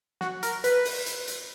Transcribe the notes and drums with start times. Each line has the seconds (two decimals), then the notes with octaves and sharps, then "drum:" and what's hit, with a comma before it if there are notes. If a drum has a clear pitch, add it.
0.21 F#4, drum: snare
0.43 A#4, drum: hi-hat
0.64 B4, drum: hi-hat
0.85 drum: open hi-hat
1.06 drum: hi-hat
1.27 drum: hi-hat